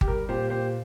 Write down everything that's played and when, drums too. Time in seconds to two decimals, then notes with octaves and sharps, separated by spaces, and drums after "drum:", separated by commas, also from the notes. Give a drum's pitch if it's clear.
0.01 G4, drum: kick G1
0.08 G3 A#4
0.29 A#2 G4 C5
0.50 A#2 G4 C5